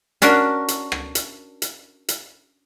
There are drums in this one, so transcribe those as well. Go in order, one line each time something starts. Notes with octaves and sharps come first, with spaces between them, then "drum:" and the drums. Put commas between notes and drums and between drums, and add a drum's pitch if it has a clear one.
C#4 D4 F#4 A#4, drum: hi-hat
drum: hi-hat
drum: rim click
drum: hi-hat
drum: hi-hat
drum: hi-hat